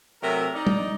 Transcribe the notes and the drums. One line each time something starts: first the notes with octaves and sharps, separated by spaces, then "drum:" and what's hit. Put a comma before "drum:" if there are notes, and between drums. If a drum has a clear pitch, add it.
C3 F#3 A3 A#4
D#4 D5
drum: tom